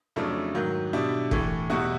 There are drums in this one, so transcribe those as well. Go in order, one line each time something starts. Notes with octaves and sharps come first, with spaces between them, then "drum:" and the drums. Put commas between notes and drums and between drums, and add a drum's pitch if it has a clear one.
F2 C#3 F#3 A3 D4 E4
G#2 D#3 F#3
B2 G3 D4 E4
A2 E3 A3, drum: kick
E2 B2 G3 E4 F#4